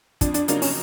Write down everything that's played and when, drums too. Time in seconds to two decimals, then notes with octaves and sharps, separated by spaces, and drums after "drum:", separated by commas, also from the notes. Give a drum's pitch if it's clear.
0.21 F2 D4, drum: kick, hi-hat
0.34 D4, drum: hi-hat
0.48 C#3 F#3 A#3 D4 D#4, drum: hi-hat
0.62 C#4, drum: open hi-hat